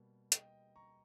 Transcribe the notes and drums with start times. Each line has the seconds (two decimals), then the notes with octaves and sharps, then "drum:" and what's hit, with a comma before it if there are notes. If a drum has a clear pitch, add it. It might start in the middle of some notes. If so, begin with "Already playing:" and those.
Already playing: B2 G3 A#3
0.32 D#5 G5, drum: hi-hat
0.76 A#5 C#6